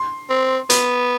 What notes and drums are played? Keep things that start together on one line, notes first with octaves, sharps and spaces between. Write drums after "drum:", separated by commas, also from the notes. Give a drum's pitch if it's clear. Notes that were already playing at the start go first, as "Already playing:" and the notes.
Already playing: C6
C4
B3, drum: hi-hat